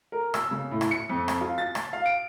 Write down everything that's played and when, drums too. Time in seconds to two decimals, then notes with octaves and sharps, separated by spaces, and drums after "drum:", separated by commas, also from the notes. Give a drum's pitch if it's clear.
0.12 A#4
0.34 E6, drum: rim click
0.51 C#3
0.71 A2
0.81 drum: rim click
0.91 C#7
1.09 F2
1.28 drum: rim click
1.41 F4
1.58 A6
1.75 drum: rim click
1.93 F5
2.06 D7